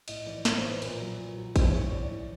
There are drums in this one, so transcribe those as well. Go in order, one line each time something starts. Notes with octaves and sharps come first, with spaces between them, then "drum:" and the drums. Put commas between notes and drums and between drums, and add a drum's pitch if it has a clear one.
A2 D#5, drum: cymbal
E3 D5
A2 C#5, drum: snare
C5
E3
B4
A#2 B4, drum: cymbal
F#3
A#2
F#3
A2 C5, drum: kick A1, cymbal
C#5
E3
A2 D5
E3